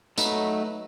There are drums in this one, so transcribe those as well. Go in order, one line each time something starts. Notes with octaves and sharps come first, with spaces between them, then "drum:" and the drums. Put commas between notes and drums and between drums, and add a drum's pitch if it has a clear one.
F#3 A3 D#4 B4, drum: tambourine